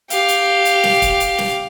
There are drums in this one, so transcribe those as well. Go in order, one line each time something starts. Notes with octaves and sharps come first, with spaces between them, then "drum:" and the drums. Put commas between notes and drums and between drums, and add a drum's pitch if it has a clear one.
G4 F5, drum: hi-hat
drum: hi-hat
drum: hi-hat
drum: snare
drum: kick, hi-hat
drum: hi-hat
drum: snare